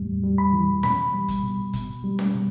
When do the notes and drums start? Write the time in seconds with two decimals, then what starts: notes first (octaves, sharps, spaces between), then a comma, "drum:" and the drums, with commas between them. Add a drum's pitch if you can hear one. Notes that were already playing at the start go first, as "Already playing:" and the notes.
Already playing: E2 A2 G3
0.23 G3
0.38 B5
0.53 E3
0.83 B2 B5, drum: snare C#4
1.14 G3
1.28 drum: kick, hi-hat
1.43 B2
1.73 B2, drum: kick, hi-hat
2.04 G3
2.19 drum: snare C#4
2.34 B2